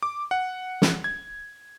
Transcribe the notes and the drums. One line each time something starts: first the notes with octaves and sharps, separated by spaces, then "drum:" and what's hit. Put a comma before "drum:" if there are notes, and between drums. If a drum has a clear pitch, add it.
D6
F#5
drum: snare
G#6